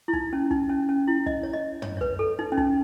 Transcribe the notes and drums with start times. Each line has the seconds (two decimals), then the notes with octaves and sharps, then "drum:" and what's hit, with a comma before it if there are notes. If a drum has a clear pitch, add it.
0.08 E4
0.13 D#4, drum: kick
0.33 C#4
0.51 D#4, drum: kick
0.69 C#4
0.89 C#4
1.07 E4
1.26 D#5, drum: kick
1.43 C#5
1.53 D#5
1.82 C#5, drum: tom
1.97 C#5
2.01 B4, drum: kick
2.19 A4
2.39 D#4
2.52 C#4
2.58 D#4, drum: kick